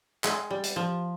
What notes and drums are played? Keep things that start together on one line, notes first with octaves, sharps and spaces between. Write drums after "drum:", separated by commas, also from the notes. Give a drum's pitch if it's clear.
G#3, drum: clap
G3
drum: hi-hat
F3